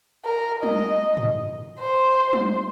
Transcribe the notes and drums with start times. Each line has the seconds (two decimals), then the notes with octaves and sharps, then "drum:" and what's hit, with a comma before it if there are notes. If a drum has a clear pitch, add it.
0.25 A#4
0.63 D#5, drum: tom
1.17 drum: tom
1.80 C5
2.33 drum: tom